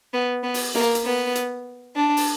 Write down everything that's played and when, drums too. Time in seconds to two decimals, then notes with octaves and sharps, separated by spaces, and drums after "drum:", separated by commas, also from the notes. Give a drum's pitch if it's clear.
0.13 B3
0.43 B3
0.54 drum: open hi-hat
0.75 A#3, drum: snare
0.95 drum: hi-hat
1.05 B3
1.35 drum: hi-hat
1.96 D4
2.17 drum: open hi-hat